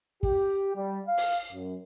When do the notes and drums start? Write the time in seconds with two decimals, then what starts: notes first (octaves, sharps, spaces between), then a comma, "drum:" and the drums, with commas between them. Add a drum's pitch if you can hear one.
0.23 G4, drum: kick
0.76 G3
1.06 F5
1.17 drum: open hi-hat
1.52 F#2